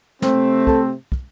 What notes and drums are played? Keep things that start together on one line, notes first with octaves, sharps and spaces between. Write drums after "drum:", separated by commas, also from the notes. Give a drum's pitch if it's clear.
C3 A3 C4, drum: snare
A4, drum: kick
drum: kick